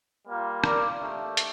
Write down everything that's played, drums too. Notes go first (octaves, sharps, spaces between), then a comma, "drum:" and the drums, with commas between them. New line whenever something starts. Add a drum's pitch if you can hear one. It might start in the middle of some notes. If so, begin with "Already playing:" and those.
G3 A#3 F4
A#4 D5, drum: rim click
A3 D4 G4
drum: hi-hat